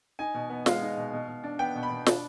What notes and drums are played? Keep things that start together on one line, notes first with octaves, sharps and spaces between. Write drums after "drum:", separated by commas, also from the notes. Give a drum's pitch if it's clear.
D#4 G#5
B2
B3
G#3 F5, drum: snare
D#4
B2
B2
B2
D4
B3 G5
B2
B5
B2
D4, drum: snare